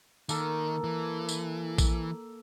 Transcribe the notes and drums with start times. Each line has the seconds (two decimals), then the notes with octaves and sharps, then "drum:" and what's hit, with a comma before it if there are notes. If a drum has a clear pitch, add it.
0.29 D#3 A#3 A4, drum: tambourine
0.84 E3
1.29 drum: tambourine
1.78 drum: kick A#1, tambourine